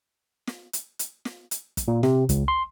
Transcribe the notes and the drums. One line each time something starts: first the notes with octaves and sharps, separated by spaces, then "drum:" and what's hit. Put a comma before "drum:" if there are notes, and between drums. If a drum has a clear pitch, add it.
drum: snare
drum: hi-hat
drum: hi-hat
drum: snare
drum: hi-hat
drum: kick, hi-hat
A#2
C3, drum: snare
C#2, drum: kick, hi-hat
C6